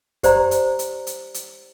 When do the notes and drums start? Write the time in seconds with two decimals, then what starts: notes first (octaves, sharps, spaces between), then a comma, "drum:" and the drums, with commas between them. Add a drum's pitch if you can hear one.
0.23 G4 C5 D5 A#5, drum: kick F#2, hi-hat
0.51 drum: hi-hat
0.79 drum: hi-hat
1.07 drum: hi-hat
1.34 drum: hi-hat